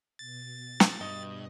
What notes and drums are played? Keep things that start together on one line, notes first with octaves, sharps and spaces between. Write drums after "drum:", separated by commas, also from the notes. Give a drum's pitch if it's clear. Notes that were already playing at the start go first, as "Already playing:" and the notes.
B2 A6
drum: snare
G2 D#5